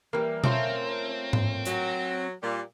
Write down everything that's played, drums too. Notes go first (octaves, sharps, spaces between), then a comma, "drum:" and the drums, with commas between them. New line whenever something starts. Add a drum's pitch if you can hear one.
E3 G3 A#3
A3 C4 C#4 F4, drum: tom B2
drum: tom G#2
F#3, drum: hi-hat
A#2 G3